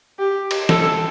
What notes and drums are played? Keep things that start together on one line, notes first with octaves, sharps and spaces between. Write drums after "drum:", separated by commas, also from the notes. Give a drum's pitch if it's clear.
G4
drum: cymbal
A4, drum: snare